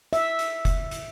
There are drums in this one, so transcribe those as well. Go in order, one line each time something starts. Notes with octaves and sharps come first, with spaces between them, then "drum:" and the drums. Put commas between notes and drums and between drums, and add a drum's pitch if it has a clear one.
E5, drum: hi-hat
drum: hi-hat
drum: kick F1, hi-hat
drum: hi-hat